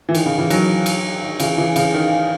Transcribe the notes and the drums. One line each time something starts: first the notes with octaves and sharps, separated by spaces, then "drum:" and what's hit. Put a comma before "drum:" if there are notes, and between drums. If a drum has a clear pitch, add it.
E3
D#3, drum: cymbal
C#3
C#3 E3
D#3 F#3, drum: cymbal
drum: cymbal
D#3
C#3 E3, drum: cymbal
C#3 E3
C#3, drum: cymbal
D#3